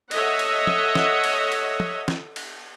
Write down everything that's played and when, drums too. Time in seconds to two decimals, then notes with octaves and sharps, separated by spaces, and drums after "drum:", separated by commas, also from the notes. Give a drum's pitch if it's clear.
0.11 A4 C#5 D#5 E5 F#5, drum: cymbal
0.39 drum: cymbal
0.67 drum: tom
0.95 drum: snare
1.24 drum: cymbal
1.52 drum: cymbal
1.80 drum: tom
2.08 drum: snare
2.36 drum: cymbal